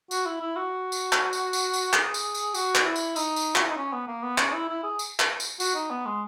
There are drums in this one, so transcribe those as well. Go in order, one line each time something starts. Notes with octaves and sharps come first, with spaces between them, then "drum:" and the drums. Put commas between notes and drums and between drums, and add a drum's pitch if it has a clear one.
F#4, drum: tambourine
E4
E4
F#4
drum: tambourine
drum: clap
drum: tambourine
drum: tambourine
drum: tambourine
G#4, drum: clap
drum: tambourine
drum: tambourine
F#4, drum: tambourine
drum: clap
E4
drum: tambourine
D#4, drum: tambourine
drum: tambourine
F#4, drum: clap
E4
D#4
C#4
B3
A#3
B3
C#4, drum: clap
E4
E4
G#4
drum: tambourine
drum: clap
drum: tambourine
F#4, drum: tambourine
D#4
B3
G#3